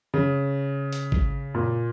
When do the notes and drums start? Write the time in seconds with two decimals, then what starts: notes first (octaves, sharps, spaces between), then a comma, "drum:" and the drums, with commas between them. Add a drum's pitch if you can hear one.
0.14 C#3
0.92 drum: hi-hat
1.12 drum: kick G#1
1.55 A#2